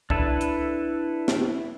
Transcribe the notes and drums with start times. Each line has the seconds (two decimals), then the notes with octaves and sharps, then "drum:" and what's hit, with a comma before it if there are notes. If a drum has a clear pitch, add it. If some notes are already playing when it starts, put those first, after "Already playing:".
0.10 D4 E4 A4 B4, drum: kick
0.41 drum: hi-hat
1.28 drum: snare